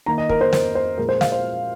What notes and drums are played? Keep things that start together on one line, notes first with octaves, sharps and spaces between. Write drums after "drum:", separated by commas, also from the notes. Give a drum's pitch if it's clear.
D#3 A#3 A#5
D#5
A#4, drum: kick
C5
C5, drum: snare
C5
A#2 F3 G#3 A#4
C5
F5, drum: snare
C5